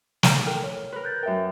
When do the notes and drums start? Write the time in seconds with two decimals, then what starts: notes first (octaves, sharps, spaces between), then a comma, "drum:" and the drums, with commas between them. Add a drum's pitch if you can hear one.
0.23 G7, drum: snare
0.46 A4 A#4 G5 F6
0.64 C#5
0.92 A#4 B4
1.04 F#6 G6 A6
1.23 F#2 A#4 E5 G5